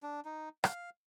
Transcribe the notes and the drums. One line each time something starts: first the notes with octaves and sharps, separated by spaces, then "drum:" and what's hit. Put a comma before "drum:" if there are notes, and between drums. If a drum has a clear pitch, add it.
D4
D#4
F5, drum: rim click